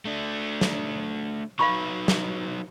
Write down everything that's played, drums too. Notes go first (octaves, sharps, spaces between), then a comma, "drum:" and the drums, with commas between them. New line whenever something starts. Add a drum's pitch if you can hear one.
A3 D4
drum: snare
F#3 D#4 B4 F5 B5 C#6
drum: snare